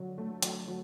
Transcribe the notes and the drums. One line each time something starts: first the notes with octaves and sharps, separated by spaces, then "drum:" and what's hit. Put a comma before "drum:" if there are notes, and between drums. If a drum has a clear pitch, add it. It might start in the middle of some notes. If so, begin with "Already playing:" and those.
Already playing: D3 F#3
A3
F#3, drum: hi-hat
F#3